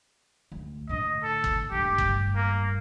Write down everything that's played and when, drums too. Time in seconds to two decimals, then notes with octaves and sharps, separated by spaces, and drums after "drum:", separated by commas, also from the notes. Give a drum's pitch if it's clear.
0.52 D2
0.89 A2 D3 D#5
1.23 A4
1.44 drum: kick G1
1.72 D1 G2 G4
1.98 drum: kick G1
2.36 A#3